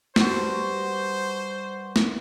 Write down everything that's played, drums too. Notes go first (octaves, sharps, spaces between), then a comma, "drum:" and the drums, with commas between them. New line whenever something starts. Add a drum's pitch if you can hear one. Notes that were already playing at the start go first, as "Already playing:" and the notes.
G2 F#4 C5, drum: snare
drum: snare